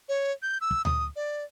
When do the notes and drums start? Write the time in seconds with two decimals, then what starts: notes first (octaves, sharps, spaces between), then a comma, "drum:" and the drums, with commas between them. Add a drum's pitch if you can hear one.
0.09 C#5
0.42 G6
0.61 E6
0.71 drum: kick
0.85 D#6, drum: tom D2
1.16 D5